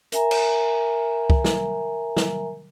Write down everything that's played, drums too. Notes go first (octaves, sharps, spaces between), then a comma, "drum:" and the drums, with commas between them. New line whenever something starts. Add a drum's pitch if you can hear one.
A#4 E5 G#5 A#5, drum: hi-hat
drum: cymbal
drum: kick
drum: snare
drum: snare